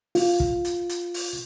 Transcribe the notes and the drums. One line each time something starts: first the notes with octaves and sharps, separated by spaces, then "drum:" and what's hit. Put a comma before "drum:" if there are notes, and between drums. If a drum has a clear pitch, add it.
F4, drum: open hi-hat
drum: kick
drum: hi-hat
drum: hi-hat
drum: open hi-hat